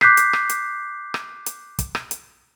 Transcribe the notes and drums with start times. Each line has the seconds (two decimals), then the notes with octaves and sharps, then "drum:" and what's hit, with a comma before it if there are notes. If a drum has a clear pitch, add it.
0.01 D6 F#6 G6 B6 C7, drum: rim click
0.17 drum: hi-hat
0.33 drum: rim click
0.49 drum: hi-hat
1.14 drum: rim click
1.46 drum: hi-hat
1.79 drum: kick, hi-hat
1.95 drum: rim click
2.11 drum: hi-hat